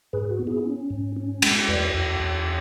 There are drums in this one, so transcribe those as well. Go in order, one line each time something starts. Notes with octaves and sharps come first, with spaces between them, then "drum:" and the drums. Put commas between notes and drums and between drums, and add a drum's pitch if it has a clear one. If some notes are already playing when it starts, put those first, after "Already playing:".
G#2 G#4 B4
F#4
B3
E4 G#4
C#4
G#2
C#4
G#3, drum: cymbal
E2 B4 D5
E2
E2